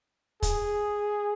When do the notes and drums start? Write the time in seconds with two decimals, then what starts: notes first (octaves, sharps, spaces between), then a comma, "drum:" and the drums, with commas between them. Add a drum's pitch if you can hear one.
0.43 G#4, drum: kick, hi-hat